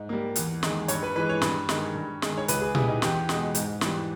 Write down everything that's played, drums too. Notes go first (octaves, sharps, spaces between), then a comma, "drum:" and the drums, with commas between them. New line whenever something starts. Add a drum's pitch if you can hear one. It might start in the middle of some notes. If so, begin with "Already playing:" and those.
Already playing: G#2
G3 A#3
E2, drum: hi-hat
D#3 G#3, drum: snare
G2 C#5, drum: hi-hat
B4
E3 G#3 B4
C#5
G2, drum: snare
D#3 G#3, drum: snare
G2
D#3 G#3, drum: snare
C#5
C#2 B4, drum: hi-hat
G#4
C#3 G3 E4, drum: tom A#2
D#4
E2 G4, drum: snare
B2 G#3, drum: snare
G#2, drum: hi-hat
E3 G3, drum: snare